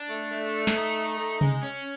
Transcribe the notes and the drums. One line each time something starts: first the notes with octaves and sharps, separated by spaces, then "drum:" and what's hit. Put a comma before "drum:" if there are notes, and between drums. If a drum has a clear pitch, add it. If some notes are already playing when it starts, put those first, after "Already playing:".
Already playing: D4
A3
A3
D4, drum: snare
D#4
A3
G#3, drum: tom C3
C#4